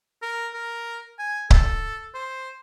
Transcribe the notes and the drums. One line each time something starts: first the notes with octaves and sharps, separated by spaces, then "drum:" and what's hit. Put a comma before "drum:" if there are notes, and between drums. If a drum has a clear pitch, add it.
A#4
A#4
G#5
A4, drum: kick C#1
C5